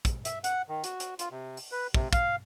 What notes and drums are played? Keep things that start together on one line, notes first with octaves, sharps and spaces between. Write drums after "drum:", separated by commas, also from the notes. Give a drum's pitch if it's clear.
drum: kick, hi-hat
E5, drum: hi-hat
F#5, drum: hi-hat
D#3
F#4, drum: hi-hat
drum: hi-hat
F4, drum: hi-hat
C3
drum: open hi-hat
B4
C3, drum: kick
F5, drum: kick, hi-hat